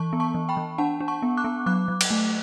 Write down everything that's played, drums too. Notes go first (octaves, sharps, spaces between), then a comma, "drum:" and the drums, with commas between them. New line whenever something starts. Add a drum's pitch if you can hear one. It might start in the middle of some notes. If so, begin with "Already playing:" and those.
Already playing: E3 A5 C#6
B3
A5 C#6
E3
G5 B5
E3
D4 F#5 A5
D4
A5 C#6
B3
D6 F#6
B3
F#3 D6 F#6
F#3
drum: cymbal
A3